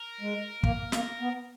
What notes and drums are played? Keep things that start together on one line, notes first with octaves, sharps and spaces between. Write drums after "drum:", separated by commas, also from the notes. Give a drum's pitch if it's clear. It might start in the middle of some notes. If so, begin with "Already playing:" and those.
Already playing: A#4
G#3
A#3, drum: kick
A#3, drum: snare
B3